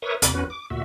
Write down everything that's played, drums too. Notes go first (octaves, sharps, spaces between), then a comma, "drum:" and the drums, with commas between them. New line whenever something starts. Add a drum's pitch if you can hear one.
A#4 B4 C#5 E5 C#6 D#6
D#2 C3 B5 D6 A6, drum: hi-hat
E2 C#4 F#4 B4
D6
D2 A#2 F#4 E5